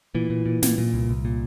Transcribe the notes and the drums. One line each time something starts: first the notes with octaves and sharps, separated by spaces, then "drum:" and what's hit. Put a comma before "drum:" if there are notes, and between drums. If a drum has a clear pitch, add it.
A#2 E3
A#2
A#2
A#2, drum: snare
A#2
C2
C2
A#2